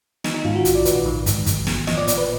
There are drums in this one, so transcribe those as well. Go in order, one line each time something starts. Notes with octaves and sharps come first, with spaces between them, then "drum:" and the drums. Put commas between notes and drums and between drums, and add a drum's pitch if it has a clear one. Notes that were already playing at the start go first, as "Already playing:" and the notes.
D#3 D#4, drum: snare
D#4
G#2 F4
F#4
A#1, drum: hi-hat
D5
A#1 B4, drum: hi-hat
D#3
G#2, drum: kick, hi-hat
G#1, drum: kick, hi-hat
G#1, drum: snare
F3 D#5, drum: snare
D5
A#2 D5, drum: hi-hat
B4